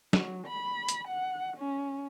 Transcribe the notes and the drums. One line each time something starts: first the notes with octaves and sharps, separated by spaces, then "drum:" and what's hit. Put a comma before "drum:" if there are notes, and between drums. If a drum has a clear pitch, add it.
F#3, drum: snare
B5
drum: hi-hat
F#5
C#4